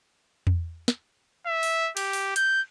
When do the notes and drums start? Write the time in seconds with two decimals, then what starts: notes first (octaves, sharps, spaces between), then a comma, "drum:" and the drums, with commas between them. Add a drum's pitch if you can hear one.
0.47 drum: tom E2
0.88 drum: snare
1.46 E5
1.63 drum: open hi-hat
1.97 G4, drum: cymbal
2.13 drum: open hi-hat
2.36 G6, drum: hi-hat